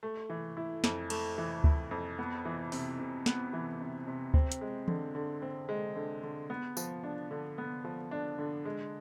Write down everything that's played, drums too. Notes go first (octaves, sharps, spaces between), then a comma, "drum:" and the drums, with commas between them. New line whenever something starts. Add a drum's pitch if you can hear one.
A3
E3
E4
F2, drum: snare
A3, drum: cymbal
E3
E4, drum: kick D2
F2
B3
E3
C3, drum: open hi-hat
C3
B3, drum: snare
E3
C3
C3
C4, drum: kick D2
drum: hi-hat
G#3
D3, drum: tom E3
D3
C4
G#3
D3
D3
B3
F3, drum: tambourine
D4
D3
B3
F3
D4
D3
G#3